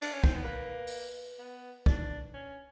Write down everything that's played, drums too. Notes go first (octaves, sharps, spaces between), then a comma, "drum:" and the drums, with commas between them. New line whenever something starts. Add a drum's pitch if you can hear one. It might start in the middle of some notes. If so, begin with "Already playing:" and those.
D4, drum: cymbal
C#4
C4, drum: kick
B3
A#3 B4
drum: open hi-hat
B3
D4, drum: kick
C#4